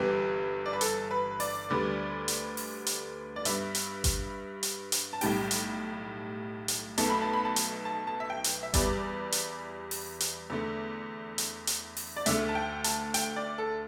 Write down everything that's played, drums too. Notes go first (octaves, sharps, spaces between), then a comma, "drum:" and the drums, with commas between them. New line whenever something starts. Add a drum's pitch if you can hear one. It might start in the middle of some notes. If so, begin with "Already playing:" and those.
Already playing: G1 G2 E3 B3 G4
D5
B4
A4, drum: hi-hat
B4
D5, drum: open hi-hat
D2 D3 G3 B3
drum: hi-hat
drum: open hi-hat
drum: hi-hat
D5
G2 G3 B3 E5, drum: hi-hat
drum: hi-hat
drum: kick G1, hi-hat
drum: hi-hat
drum: hi-hat
A5
B1 A2 G3 G5, drum: open hi-hat
drum: hi-hat
drum: hi-hat
B1 B2 A3 A5, drum: hi-hat
B5
A5
B5
A5
drum: hi-hat
A5
A5
E5
G5
drum: hi-hat
E5
E2 E3 G3 B3 D5, drum: kick G1, hi-hat
drum: hi-hat
drum: open hi-hat
drum: hi-hat
E2 D3 A3
drum: hi-hat
drum: hi-hat
drum: open hi-hat
D5
D2 D3 A3 E5, drum: hi-hat
A5
G5
A5, drum: hi-hat
G5, drum: hi-hat
D5
A4